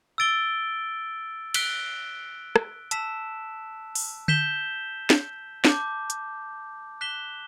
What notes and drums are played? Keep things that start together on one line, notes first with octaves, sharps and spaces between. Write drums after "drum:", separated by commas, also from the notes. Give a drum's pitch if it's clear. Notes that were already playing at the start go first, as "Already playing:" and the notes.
E6 A6 D7 G7
F#6 B6 D7 G7, drum: cymbal
drum: rim click
A5 E6 B6 E7, drum: hi-hat
drum: open hi-hat
G6 B6 E7 G7, drum: tom D3
drum: snare
A5 D6 G6, drum: snare
drum: hi-hat
F#6 B6 E7 G7